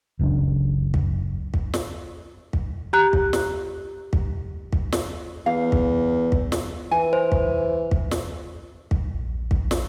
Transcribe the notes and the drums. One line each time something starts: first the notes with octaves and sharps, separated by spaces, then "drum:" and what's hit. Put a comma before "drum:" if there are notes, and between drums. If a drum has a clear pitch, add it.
F#1 C#2 F#2 D4
drum: kick
drum: kick
drum: snare
drum: kick
G4 A#5 F#6
drum: kick
drum: snare
drum: kick
drum: kick
drum: snare
E2 F5
drum: kick
drum: kick
drum: snare
E3 G#5
C5
drum: kick
drum: kick
drum: snare
drum: kick
A#1
drum: kick
drum: snare